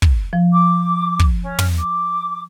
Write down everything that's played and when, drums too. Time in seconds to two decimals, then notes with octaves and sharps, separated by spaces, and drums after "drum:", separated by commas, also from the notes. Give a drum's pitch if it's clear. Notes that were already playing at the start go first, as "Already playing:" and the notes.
0.02 drum: kick
0.33 F3
0.52 D6
1.19 drum: kick
1.42 C#4
1.59 drum: tom
1.78 D6